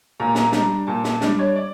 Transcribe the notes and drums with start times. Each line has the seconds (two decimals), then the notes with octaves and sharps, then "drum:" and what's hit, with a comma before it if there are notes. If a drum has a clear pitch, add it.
0.20 A#2 A#5
0.35 A#5, drum: snare
0.52 G3 D4 A#5, drum: snare
0.87 A#2 A5
1.04 A5, drum: snare
1.21 G3 D4, drum: snare
1.39 C#5
1.56 D5